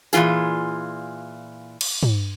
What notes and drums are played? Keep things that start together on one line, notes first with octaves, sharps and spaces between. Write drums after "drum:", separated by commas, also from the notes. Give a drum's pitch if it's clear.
A#2 E3 G3 F4 G#4, drum: tambourine
drum: cymbal
drum: tom